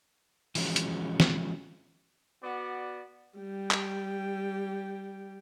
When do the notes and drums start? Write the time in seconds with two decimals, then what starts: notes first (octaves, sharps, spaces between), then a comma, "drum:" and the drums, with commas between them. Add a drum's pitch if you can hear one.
0.55 E3 F3 G#3 C#4 F#4, drum: open hi-hat
0.76 drum: hi-hat
1.20 drum: snare
2.43 B3 F#4 D5
3.38 G3 G5
3.71 drum: clap